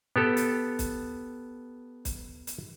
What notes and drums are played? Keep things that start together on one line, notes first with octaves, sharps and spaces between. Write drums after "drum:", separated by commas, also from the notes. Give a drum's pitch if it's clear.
B3 G4 A4
drum: hi-hat
drum: kick, hi-hat
drum: kick, hi-hat
drum: hi-hat